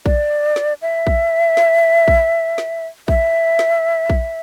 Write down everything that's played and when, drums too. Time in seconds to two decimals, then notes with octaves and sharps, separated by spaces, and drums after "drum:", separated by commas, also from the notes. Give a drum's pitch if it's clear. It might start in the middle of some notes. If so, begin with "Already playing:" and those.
0.06 D5, drum: kick A#1
0.56 drum: snare
0.82 E5
1.07 drum: kick A#1
1.57 drum: snare
2.08 drum: kick A#1
2.58 drum: snare
3.08 E5, drum: kick A#1
3.59 drum: snare
4.10 drum: kick A#1